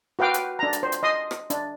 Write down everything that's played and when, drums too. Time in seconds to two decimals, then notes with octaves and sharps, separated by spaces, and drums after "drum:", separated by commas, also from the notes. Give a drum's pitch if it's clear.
0.19 F#4 B4 F5 G5 D6
0.34 drum: hi-hat
0.59 D4 A#5
0.73 drum: hi-hat
0.83 C5
0.92 drum: hi-hat
1.03 D#5 C6 D#6
1.31 drum: rim click
1.50 D4, drum: hi-hat